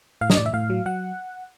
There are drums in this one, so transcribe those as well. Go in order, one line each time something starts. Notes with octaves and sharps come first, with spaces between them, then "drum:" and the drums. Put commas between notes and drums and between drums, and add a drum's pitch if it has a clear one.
A2 F5
D#5, drum: snare
A2 D5
E5
A2 F5
F#3
F#3 F#5